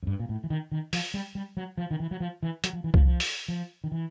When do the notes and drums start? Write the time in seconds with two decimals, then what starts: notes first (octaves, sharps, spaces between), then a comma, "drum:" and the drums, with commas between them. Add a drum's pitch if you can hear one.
0.03 F#2
0.07 G2
0.20 A#2
0.29 A2
0.44 E3
0.50 D#3
0.72 D#3
0.93 F3, drum: open hi-hat
1.14 G3
1.35 G3
1.57 F#3
1.77 F3
1.91 D#3
2.00 E3
2.11 F#3
2.20 F3
2.43 E3
2.64 F#3, drum: hi-hat
2.73 F3
2.84 E3
2.94 F3, drum: kick C2
3.05 F3
3.20 drum: open hi-hat
3.48 F3
3.84 D#3
3.92 E3